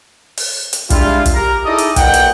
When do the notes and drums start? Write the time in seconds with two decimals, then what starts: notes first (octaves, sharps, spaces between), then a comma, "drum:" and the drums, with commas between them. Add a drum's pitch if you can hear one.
0.37 drum: open hi-hat
0.73 drum: hi-hat
0.90 G3 G#3 D4 E4 F4, drum: kick, hi-hat
1.26 drum: kick, hi-hat
1.35 G4 A#4 A#5
1.65 D#4 E4 G#4 A4 D5 D#5
1.78 drum: hi-hat
1.96 B1 A#2 D#5 F#5 G5, drum: kick, hi-hat
2.14 drum: hi-hat